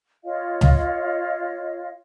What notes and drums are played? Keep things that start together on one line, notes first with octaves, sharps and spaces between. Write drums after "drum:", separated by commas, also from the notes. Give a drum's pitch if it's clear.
F4 C#5 D#5 F5
drum: tom C#2